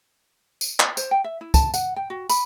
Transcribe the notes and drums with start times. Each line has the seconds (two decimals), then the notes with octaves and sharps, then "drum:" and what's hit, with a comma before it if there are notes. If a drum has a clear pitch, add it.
0.61 drum: tambourine
0.80 drum: clap
0.97 C5, drum: tambourine
1.11 G5
1.24 E5
1.41 E4
1.54 A5, drum: kick, tambourine
1.74 F#5, drum: tambourine
1.96 G5
2.10 F#4
2.29 B5, drum: tambourine